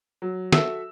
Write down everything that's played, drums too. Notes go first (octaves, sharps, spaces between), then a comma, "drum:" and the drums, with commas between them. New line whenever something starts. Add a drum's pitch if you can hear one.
F#3
F#4 A4 E5 E6, drum: snare